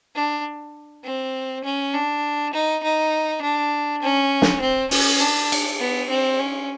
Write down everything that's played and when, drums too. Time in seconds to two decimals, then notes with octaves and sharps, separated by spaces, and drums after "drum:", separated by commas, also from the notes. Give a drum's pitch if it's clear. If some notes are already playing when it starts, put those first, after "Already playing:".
0.16 D4
1.05 C4
1.64 C#4
1.94 D4
2.53 D#4
2.83 D#4
3.42 D4
4.02 C#4
4.42 drum: snare
4.61 C4
4.91 C#4, drum: open hi-hat
5.20 D4
5.52 drum: cymbal
5.80 B3
6.10 C4
6.39 C#4